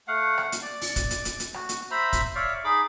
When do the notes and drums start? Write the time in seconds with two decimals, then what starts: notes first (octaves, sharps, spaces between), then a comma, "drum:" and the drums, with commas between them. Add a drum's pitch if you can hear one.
0.08 A3 F5 F#5
0.38 drum: rim click
0.52 drum: hi-hat
0.62 D5
0.81 drum: open hi-hat
0.96 drum: kick, hi-hat
1.11 drum: hi-hat
1.25 drum: hi-hat
1.40 drum: hi-hat
1.54 F#4, drum: rim click
1.69 drum: hi-hat
1.91 C5 E5 A#5 B5
2.13 drum: kick, hi-hat
2.35 C#5 D5 E5 F5
2.64 D#4 G#4 B5 D6